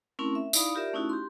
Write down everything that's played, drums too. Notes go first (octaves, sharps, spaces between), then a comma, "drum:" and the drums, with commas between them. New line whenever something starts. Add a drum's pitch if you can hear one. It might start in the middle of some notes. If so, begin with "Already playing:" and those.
A3 C4 C#4 E4 A#4
E5
D#4 E4 D5 F5 B5 D#6, drum: tambourine
F4 G4 A#4 D5 E5
A3 C#4 D#4 E4 F#4
G4 C6